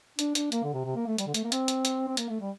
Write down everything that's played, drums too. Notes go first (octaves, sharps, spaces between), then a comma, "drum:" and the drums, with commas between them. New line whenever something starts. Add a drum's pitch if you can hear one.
D4, drum: hi-hat
D4, drum: hi-hat
A#3, drum: hi-hat
D3
C3
C3
A#3
A3
G3, drum: hi-hat
D3
A3, drum: hi-hat
A#3
C4, drum: hi-hat
drum: hi-hat
drum: hi-hat
C4
A#3, drum: hi-hat
A3
G3